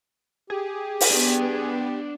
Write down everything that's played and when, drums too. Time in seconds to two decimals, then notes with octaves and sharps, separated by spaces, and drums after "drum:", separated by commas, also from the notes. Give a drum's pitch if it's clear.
0.50 G4 G#4
1.01 drum: open hi-hat
1.11 B3 D4 G5